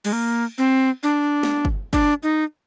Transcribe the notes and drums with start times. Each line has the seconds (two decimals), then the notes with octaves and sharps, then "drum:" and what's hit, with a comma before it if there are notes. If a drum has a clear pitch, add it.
0.05 G#3, drum: cymbal
0.13 A#3
0.58 C4
1.03 D4
1.43 drum: snare
1.65 drum: kick
1.93 D4, drum: kick
2.23 D#4